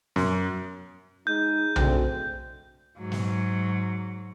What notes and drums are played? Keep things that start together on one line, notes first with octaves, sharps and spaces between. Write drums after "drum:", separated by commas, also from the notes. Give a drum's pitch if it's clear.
F#2, drum: snare
G#3 D#4 G6
D2 G#3 C4, drum: tom B1
G#2 F#3
drum: snare